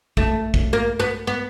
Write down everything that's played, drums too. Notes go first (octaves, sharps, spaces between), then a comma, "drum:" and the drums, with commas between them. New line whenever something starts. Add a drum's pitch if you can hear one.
A3, drum: kick
drum: kick
A#3
B3
B3